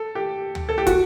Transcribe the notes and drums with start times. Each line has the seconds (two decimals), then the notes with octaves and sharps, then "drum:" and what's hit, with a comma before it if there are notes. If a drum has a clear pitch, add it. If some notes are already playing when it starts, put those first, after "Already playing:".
Already playing: A4
0.15 G4
0.55 drum: tom D2
0.69 A4
0.78 G4
0.87 F#4, drum: kick, hi-hat